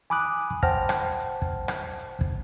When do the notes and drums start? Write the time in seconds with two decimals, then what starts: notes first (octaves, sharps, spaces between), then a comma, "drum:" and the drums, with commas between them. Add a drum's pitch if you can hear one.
0.10 G#5 B5 D6 D#6 F#6
0.63 C5 F#5 G5 A5 F6 A#6, drum: kick
0.89 drum: rim click
1.42 drum: kick
1.68 drum: rim click
2.21 drum: kick